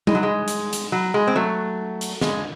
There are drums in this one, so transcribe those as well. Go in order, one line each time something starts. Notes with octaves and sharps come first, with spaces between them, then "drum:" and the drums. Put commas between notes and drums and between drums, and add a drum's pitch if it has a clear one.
G#3, drum: tom G3
F#3
G#3
drum: hi-hat
drum: hi-hat
F#3
G#3
C4
F#3 A3
drum: hi-hat
G#3, drum: snare